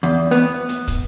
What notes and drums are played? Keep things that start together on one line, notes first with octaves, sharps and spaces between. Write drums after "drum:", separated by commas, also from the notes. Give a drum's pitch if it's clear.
E2
B3, drum: hi-hat
drum: hi-hat
drum: kick, hi-hat